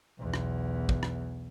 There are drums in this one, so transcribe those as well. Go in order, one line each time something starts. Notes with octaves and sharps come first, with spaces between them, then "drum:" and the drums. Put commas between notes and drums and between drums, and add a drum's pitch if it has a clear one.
B1 E2
drum: rim click
drum: kick
drum: rim click